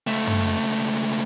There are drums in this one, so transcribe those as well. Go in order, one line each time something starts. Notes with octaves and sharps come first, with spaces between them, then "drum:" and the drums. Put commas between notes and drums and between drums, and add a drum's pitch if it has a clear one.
C#2 A3
drum: tom